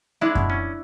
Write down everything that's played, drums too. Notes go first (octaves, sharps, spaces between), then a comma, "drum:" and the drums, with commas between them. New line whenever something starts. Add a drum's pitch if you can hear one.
G#3 D4 E4
B2, drum: kick F#2
C#4